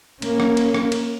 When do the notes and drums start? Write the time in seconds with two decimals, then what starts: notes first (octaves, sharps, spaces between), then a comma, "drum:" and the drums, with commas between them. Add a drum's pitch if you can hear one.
0.22 A#3 C#4, drum: cymbal
0.40 drum: rim click
0.57 drum: cymbal
0.74 drum: rim click
0.92 drum: cymbal